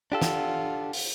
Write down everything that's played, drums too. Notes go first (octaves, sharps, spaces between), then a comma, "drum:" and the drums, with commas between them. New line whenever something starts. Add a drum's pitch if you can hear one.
D4 F4 G4 A4 F#5
drum: snare
drum: open hi-hat